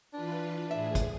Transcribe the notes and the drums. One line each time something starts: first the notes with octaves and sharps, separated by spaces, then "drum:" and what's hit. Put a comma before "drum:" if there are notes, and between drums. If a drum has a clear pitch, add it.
E3 D4 F4 B4
A2 G#4 E5
drum: kick, hi-hat